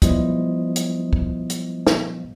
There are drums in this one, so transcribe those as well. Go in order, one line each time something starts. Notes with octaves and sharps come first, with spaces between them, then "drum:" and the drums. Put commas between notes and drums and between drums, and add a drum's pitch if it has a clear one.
F3 G3 B3 E4 C5 D#5, drum: kick, hi-hat
drum: hi-hat
drum: kick
drum: hi-hat
drum: snare